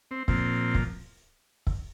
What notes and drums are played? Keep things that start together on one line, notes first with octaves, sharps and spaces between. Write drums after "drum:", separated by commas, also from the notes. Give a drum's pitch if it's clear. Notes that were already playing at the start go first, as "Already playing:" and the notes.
C4
A#2 F3 C4, drum: kick
drum: kick
drum: kick